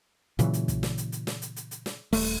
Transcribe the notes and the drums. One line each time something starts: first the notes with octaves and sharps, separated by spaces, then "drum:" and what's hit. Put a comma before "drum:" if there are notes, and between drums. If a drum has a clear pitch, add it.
A#2 C#3 E3 F#3, drum: hi-hat
drum: hi-hat
drum: kick, hi-hat
drum: snare
drum: hi-hat
drum: hi-hat
drum: snare
drum: hi-hat
drum: hi-hat
drum: hi-hat
drum: snare
D#1 A3, drum: open hi-hat